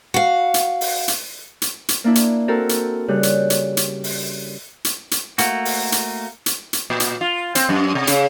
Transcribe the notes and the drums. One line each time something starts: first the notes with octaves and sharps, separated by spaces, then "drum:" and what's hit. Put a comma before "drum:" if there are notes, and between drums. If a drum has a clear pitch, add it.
F#4 F5
drum: hi-hat
drum: open hi-hat
drum: hi-hat
drum: hi-hat
drum: hi-hat
A#3 D4 E4
drum: hi-hat
C4 F#4 A4 A#4
drum: hi-hat
C#3 G3 F#6
drum: hi-hat
drum: hi-hat
drum: hi-hat
drum: open hi-hat
drum: hi-hat
drum: hi-hat
A3 A#3 F#4, drum: hi-hat
drum: open hi-hat
drum: hi-hat
drum: hi-hat
drum: hi-hat
A#2
drum: hi-hat
F4
C4, drum: hi-hat
F#2
C3
C#3, drum: hi-hat